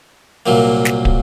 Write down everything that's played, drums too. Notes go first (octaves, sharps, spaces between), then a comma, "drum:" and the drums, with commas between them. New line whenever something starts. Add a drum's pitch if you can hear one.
C2 A#2 F#3 A#3
drum: snare
drum: kick